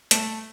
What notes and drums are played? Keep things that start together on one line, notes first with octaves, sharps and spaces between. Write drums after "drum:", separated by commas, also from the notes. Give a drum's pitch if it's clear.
A3, drum: hi-hat